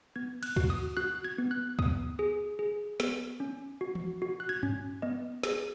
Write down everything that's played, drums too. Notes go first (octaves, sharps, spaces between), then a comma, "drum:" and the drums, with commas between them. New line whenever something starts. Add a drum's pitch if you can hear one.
B3 G#6
F#6, drum: cymbal
F#4, drum: kick
D#6
F#4 F#6
G#6
B3
F#6
B3 D#6, drum: kick
G#4 D#6
G#4
B3, drum: snare
C#4
F#4
drum: tom E3
F#4
F#6
G#6
C#4, drum: tom G2
B3 D#5
G#4, drum: snare